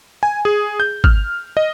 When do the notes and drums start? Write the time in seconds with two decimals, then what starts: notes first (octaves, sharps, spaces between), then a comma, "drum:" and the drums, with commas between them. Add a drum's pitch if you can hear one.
0.23 G#5
0.45 G#4
0.80 G6
1.04 F6, drum: kick
1.57 D#5